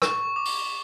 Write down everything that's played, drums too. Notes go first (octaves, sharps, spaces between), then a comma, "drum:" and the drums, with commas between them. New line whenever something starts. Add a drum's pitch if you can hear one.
C#6, drum: rim click
D6
drum: open hi-hat